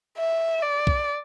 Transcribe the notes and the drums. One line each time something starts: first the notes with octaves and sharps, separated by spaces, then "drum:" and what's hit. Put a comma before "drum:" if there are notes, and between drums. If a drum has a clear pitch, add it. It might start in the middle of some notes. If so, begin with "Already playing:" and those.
E5
D5
drum: kick